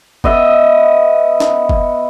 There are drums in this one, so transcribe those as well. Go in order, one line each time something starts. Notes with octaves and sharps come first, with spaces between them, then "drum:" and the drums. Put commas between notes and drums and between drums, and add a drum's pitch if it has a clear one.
B3 D#5 E5, drum: kick
drum: snare
drum: kick